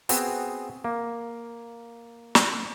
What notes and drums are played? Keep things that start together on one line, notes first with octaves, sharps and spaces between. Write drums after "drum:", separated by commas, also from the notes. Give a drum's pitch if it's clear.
B3 C4 F#4 G#4, drum: hi-hat
A#3
drum: snare